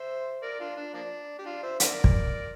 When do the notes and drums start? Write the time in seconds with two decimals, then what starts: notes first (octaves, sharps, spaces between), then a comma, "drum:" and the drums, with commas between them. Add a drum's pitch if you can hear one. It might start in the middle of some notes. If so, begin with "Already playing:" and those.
Already playing: C5 E5
0.42 A#4 D5
0.60 D4 F4
0.77 D4
0.94 F3 A#3 D4
1.39 G4
1.45 D4 F4
1.63 C5 E5
1.80 A#4 D5, drum: hi-hat
2.04 drum: kick